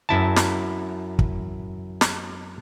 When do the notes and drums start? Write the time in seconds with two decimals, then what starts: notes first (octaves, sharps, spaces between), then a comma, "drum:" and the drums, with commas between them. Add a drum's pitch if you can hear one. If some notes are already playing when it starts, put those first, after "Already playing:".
0.09 F#2 E4 A5
0.36 drum: snare
1.19 drum: kick
2.01 drum: snare